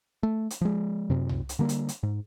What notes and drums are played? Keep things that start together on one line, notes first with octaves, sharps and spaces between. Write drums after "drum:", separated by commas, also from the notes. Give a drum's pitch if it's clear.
A3
drum: hi-hat
F3 G#3
F#2 C3
drum: tom C2
drum: hi-hat
D3 G3 A#3
drum: hi-hat
drum: hi-hat
G#2